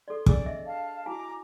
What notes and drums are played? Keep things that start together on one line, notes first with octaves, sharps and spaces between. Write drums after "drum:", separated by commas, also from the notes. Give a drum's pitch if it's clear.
A4 D5 C6
D4 G#4 D5 E6, drum: kick
D#5 E5
F5 A5
E4 F#4 G#5 A#5 D6
G#5